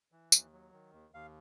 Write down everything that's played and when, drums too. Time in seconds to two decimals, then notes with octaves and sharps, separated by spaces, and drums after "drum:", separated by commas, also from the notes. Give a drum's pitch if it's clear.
0.12 E3
0.32 D#2, drum: tambourine
0.53 F#3
0.73 D#3
0.93 D#2
1.14 D#2 F5